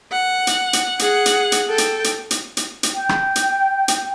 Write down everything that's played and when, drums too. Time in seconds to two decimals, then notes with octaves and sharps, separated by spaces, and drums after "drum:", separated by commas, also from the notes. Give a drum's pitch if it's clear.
0.12 F#5
0.47 drum: hi-hat
0.73 drum: hi-hat
0.99 G#4 F#5, drum: hi-hat
1.26 drum: hi-hat
1.52 drum: hi-hat
1.69 A4 G5
1.78 drum: hi-hat
2.04 drum: hi-hat
2.31 drum: hi-hat
2.57 drum: hi-hat
2.83 drum: hi-hat
2.95 G5
3.09 drum: rim click
3.36 drum: hi-hat
3.88 drum: hi-hat